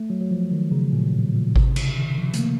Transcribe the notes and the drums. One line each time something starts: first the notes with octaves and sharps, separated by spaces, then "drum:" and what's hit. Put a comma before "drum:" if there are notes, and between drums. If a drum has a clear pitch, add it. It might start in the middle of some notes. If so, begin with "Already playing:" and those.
Already playing: A3
F#3
F#3
F3
D#3
C#3
A#2
A2
A#2
C3, drum: kick G#1
C3
C#3, drum: cymbal
D#3
F3
A3, drum: hi-hat
A#3